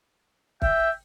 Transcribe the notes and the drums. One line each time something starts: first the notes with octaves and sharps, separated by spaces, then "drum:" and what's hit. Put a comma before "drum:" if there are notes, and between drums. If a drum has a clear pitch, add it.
E5 G5, drum: kick